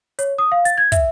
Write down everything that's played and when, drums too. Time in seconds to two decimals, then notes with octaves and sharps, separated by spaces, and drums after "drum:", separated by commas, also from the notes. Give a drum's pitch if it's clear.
0.19 C#5, drum: hi-hat
0.38 D#6
0.52 F5
0.65 A6, drum: hi-hat
0.78 G#6
0.92 E5, drum: kick, hi-hat